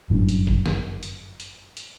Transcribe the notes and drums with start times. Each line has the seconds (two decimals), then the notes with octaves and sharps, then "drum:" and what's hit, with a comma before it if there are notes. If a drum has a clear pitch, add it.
0.10 G1 F#2 A2 D3
0.29 drum: hi-hat
0.47 drum: kick G1
0.66 drum: snare
1.03 drum: hi-hat
1.40 drum: hi-hat
1.77 drum: hi-hat